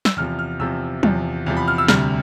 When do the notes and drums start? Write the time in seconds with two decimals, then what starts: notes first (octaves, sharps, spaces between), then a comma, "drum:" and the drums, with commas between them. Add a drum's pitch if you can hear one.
0.05 E6, drum: snare
0.16 E2 C3 F3 F6
0.39 F6
0.59 E2 C3 F3 E6
1.03 E2 C3 F3, drum: tom
1.46 E2 C3 F3
1.57 B5
1.68 F6
1.78 E6
1.88 D2 C3 G3 F6, drum: snare